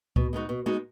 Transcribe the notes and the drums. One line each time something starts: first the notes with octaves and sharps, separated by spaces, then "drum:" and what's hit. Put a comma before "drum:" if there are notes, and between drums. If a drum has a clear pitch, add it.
B2, drum: kick C#2
G#3 B3 D#4 F#4
B2
G#3 B3 D#4 F#4